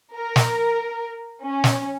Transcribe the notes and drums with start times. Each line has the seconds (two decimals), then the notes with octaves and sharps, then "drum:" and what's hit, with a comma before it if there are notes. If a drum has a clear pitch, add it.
0.16 A#4
0.36 drum: snare
1.44 C#4
1.64 drum: snare